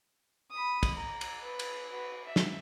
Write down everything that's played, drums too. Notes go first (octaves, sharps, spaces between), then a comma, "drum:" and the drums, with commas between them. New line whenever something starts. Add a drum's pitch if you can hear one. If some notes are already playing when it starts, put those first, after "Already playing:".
B5 D#6
drum: kick, cymbal
A#5
drum: cymbal
B4
drum: cymbal
F#4 B4
E5
drum: snare